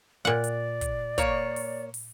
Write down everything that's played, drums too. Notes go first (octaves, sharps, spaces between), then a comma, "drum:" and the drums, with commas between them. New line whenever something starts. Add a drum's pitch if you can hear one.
A#2 D5 F#5
drum: hi-hat
drum: kick, hi-hat
A#3 C#5, drum: kick, hi-hat
drum: open hi-hat
drum: open hi-hat